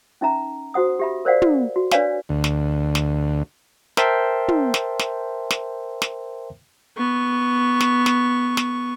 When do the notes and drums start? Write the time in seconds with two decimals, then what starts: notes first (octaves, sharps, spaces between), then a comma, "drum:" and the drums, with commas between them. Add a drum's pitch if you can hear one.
0.21 C#4 D#4 E5 A#5
0.74 F#4 C5 F#5 D#6
0.99 G4 E5 B5
1.25 A#4 C5 D5 F5 F#5
1.42 drum: tom
1.76 F#4
1.91 D4 B4 C#5 D5 F5 G#5, drum: snare
2.29 D2
2.44 drum: snare
2.95 drum: snare
3.97 A#4 C5 E5 G5 A5 C6, drum: snare
4.48 drum: tom
4.74 drum: snare
5.00 drum: snare
5.51 drum: snare
6.02 drum: snare
6.97 B3 C#6
7.81 drum: snare
8.06 drum: snare
8.57 drum: snare